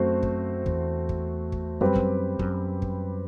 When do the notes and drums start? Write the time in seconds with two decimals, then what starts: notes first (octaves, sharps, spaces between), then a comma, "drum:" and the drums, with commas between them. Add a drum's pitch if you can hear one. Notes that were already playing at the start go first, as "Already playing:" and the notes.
Already playing: F#2 A3 C4 F#4 C5
0.23 drum: kick
0.66 E2, drum: kick
1.09 drum: kick
1.52 drum: kick
1.81 F#2 G3 C4 G4 B4
1.96 drum: kick
2.39 F#2, drum: kick
2.82 drum: kick